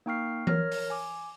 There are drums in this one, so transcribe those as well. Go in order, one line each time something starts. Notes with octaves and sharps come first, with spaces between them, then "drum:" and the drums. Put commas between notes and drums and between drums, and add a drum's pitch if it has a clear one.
A#3 D#4 G5 C#6 F6 C7
A#4 C#5 F6 A#6, drum: tom E3
drum: open hi-hat
G#5 D6